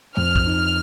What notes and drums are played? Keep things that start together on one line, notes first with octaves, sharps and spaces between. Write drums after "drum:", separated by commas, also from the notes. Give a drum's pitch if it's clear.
F2 F6
drum: kick
D#4